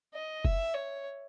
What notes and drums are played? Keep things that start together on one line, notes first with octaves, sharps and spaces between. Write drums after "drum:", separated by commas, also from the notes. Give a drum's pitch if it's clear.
D#5
E5, drum: kick
C#5